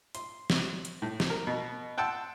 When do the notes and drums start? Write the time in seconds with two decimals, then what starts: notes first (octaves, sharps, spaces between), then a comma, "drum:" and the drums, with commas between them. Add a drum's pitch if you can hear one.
0.15 C6, drum: hi-hat
0.50 drum: snare
0.85 drum: hi-hat
1.02 A2
1.20 drum: snare
1.30 A#4
1.47 B2
1.98 F#5 G5 A5 C6 E6